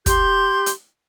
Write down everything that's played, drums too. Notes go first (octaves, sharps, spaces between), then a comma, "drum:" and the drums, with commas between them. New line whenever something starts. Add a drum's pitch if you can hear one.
G4 C6 G6, drum: kick, hi-hat
drum: hi-hat